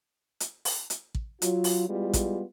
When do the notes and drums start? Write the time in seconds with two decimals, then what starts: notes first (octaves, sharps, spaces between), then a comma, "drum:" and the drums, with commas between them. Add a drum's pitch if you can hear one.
0.40 drum: hi-hat
0.65 drum: open hi-hat
0.90 drum: hi-hat
1.15 drum: kick
1.42 F#3 F4, drum: hi-hat
1.64 drum: open hi-hat
1.89 G3 G#3 B3 E4 F4
2.13 drum: kick, hi-hat